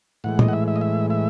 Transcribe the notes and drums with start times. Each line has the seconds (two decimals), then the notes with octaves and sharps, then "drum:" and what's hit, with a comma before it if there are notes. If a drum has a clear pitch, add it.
0.24 A2 E3 G#3 F#5
0.39 D#5, drum: tom
0.48 F#5
0.53 E5
0.68 E5
0.76 D#5
0.81 E5
1.10 E5